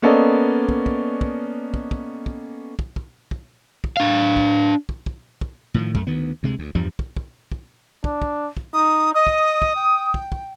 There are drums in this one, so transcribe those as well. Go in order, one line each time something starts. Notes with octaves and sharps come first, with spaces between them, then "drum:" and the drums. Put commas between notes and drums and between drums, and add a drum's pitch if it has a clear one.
A#3 B3 C#4 A4 D5 D#5
drum: kick
drum: kick
drum: kick
drum: kick
drum: kick
drum: kick
drum: kick
drum: kick
drum: kick
drum: kick
D4 F5
drum: kick
drum: kick
drum: kick
drum: kick
A2 D#3 F3
F#2 A3, drum: kick
D2 D#3 B3
D2 C3 G#3
D2
E2 G2 F3 G3
drum: kick
drum: kick
drum: kick
D4, drum: kick
drum: kick
drum: kick
D#4 D#6
D#5 D#6
drum: kick
drum: kick
G5
drum: kick
drum: kick